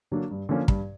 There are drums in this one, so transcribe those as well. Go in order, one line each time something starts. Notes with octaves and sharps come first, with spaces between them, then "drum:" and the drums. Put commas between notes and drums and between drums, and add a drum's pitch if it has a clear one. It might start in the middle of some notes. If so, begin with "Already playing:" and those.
D3 F#3 A#3 D4
G2
D3 F3 A#3 C#4
G2, drum: kick